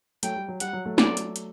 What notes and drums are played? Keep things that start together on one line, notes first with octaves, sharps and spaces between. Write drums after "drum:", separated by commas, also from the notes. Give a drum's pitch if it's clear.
F#3 A3 G5, drum: hi-hat
G3
F#3
G3 F#5, drum: hi-hat
F#3
F#3 A3
D5, drum: snare
drum: hi-hat
drum: hi-hat